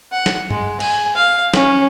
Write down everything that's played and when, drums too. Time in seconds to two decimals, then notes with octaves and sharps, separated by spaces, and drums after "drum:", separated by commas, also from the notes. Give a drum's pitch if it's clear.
0.12 F#5
0.26 drum: snare
0.50 G#3, drum: tom G2
0.80 G#5, drum: cymbal
1.15 F5
1.54 C#4, drum: snare